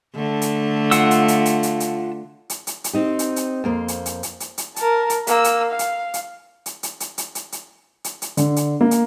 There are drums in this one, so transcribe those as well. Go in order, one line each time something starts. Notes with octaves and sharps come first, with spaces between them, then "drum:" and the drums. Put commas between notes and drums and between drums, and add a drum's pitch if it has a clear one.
D3 A3
drum: hi-hat
F4 F#5 E6, drum: hi-hat
drum: hi-hat
drum: hi-hat
drum: hi-hat
drum: hi-hat
drum: hi-hat
drum: hi-hat
drum: hi-hat
drum: hi-hat
C4 D#4 G4
drum: hi-hat
drum: hi-hat
F2 A#3 C5
drum: hi-hat
drum: hi-hat
drum: hi-hat
drum: hi-hat
drum: hi-hat
A#4 A5, drum: hi-hat
drum: hi-hat
A#3 E6, drum: hi-hat
drum: hi-hat
F5
drum: hi-hat
drum: hi-hat
drum: hi-hat
drum: hi-hat
drum: hi-hat
drum: hi-hat
drum: hi-hat
drum: hi-hat
drum: hi-hat
drum: hi-hat
D3, drum: hi-hat
drum: hi-hat
A#3
drum: hi-hat